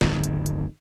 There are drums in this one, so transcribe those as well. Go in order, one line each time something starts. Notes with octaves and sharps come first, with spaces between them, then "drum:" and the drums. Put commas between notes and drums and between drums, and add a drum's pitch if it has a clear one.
D1 G1 F2 D#3, drum: snare
drum: hi-hat
drum: hi-hat